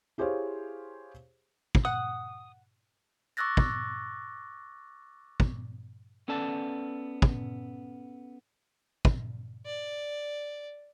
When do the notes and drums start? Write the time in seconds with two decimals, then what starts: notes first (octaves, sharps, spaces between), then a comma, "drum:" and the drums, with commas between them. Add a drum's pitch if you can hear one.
0.18 E4 G4 G#4 C5 C#5 F5
1.75 drum: kick
1.85 F#5 D#6
3.37 C#6 D6 E6 F#6 A6 A#6
3.57 drum: kick
5.40 drum: kick
6.28 B3 C#4 A4 D5 A5
7.22 drum: kick
9.05 drum: kick
9.66 D5